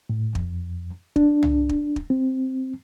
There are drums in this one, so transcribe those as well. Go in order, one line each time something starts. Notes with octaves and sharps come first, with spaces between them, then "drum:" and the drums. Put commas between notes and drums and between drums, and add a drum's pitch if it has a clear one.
A2
F2, drum: kick
D4, drum: kick
drum: tom C2
drum: kick
drum: kick
C4